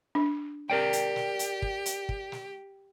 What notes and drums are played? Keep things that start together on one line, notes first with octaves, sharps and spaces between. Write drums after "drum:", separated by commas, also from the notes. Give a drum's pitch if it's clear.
D4
G4 A#4 D5 G5
drum: hi-hat
drum: snare
drum: hi-hat
drum: kick
drum: hi-hat
drum: kick
drum: snare